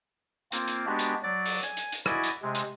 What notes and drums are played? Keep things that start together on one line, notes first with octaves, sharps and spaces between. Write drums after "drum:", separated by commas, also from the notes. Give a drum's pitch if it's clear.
A#3 C4 F4, drum: hi-hat
drum: hi-hat
G#3 B3 D4 F#4 G4
drum: hi-hat
F#3 D5 A6
drum: open hi-hat
G#5, drum: hi-hat
drum: hi-hat
drum: hi-hat
E4 F#4 D5 D#5 G#5, drum: rim click
drum: hi-hat
C3 G#3
drum: hi-hat